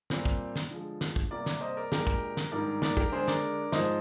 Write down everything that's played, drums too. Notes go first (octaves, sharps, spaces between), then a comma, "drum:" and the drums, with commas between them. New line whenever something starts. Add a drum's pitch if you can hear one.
A#2 G3 C4, drum: snare
drum: kick
drum: snare
D3 F3 G#3
drum: snare
drum: kick
C3 G3 A#3 A#4 D5
drum: snare
C5 D#5
A#4 D5
A#2 G#3 D4 G4 A#4, drum: snare
drum: kick
drum: snare
G#2 D#3 G3 D4 A#4 D5
A#4 D5, drum: snare
G4 A#4, drum: kick
D3 G#3 D4 G#4 C5
A#4 D5, drum: snare
G#2 F3 G#3 C5 D#5, drum: snare